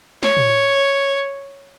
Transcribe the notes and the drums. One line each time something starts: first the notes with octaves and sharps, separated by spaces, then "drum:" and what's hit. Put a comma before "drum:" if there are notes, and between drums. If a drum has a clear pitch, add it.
C#5, drum: snare
drum: tom